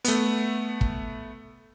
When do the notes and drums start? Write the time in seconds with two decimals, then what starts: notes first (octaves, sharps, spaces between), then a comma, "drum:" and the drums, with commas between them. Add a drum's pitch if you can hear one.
0.05 A3 B3, drum: hi-hat
0.81 drum: kick